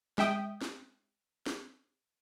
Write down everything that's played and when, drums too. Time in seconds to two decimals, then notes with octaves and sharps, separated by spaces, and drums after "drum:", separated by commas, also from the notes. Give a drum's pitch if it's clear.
0.18 G#3 E5 G5 D#6, drum: snare
0.61 drum: snare
1.46 drum: snare